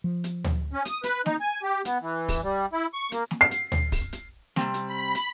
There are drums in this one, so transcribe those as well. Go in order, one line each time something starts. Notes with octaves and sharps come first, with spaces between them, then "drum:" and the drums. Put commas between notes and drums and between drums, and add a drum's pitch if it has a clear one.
F3
drum: hi-hat
drum: tom D2
C#4
D#6, drum: hi-hat
B4, drum: hi-hat
D#4, drum: snare
G#5
G4
B3, drum: hi-hat
E3
drum: kick, open hi-hat
G3
E4
C#6
A#3, drum: hi-hat
drum: snare
C7
drum: hi-hat
drum: tom D2
drum: kick, open hi-hat
drum: hi-hat
C3 G3 C4, drum: snare
drum: hi-hat
B5
drum: hi-hat